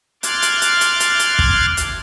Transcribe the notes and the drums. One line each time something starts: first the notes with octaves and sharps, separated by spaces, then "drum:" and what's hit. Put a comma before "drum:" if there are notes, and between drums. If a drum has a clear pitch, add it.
C6 D6 F6 F#6 G#6 A6, drum: hi-hat
drum: hi-hat
drum: hi-hat
drum: hi-hat
drum: hi-hat
drum: hi-hat
drum: kick
drum: hi-hat